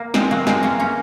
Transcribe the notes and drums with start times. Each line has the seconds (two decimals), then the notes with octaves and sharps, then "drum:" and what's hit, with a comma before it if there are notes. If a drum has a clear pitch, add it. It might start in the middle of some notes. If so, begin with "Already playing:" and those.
Already playing: A#3
0.14 G#3 C4, drum: snare
0.31 F#3 A#3
0.47 G#3 C4, drum: snare
0.63 A#3 C#4
0.79 A#3 C#4